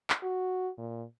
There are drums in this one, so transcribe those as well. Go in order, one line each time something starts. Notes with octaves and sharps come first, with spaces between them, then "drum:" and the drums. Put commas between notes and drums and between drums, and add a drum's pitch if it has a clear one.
drum: clap
F#4
A#2